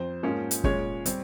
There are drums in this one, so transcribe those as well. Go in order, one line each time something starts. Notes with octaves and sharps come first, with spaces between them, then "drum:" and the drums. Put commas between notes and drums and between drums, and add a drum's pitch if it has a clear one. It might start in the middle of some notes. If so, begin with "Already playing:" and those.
Already playing: F2 C5
G#2 F3 A#3 C#4
drum: hi-hat
A#2 G#3 C#4 C#5, drum: kick
G3 C4, drum: hi-hat